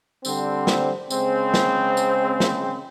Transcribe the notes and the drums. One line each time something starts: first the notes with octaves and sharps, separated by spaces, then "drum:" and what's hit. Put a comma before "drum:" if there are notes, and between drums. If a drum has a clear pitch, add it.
D3 G3 C4, drum: tambourine
drum: snare
C#3 G#3 C4, drum: tambourine
drum: snare
drum: tambourine
drum: snare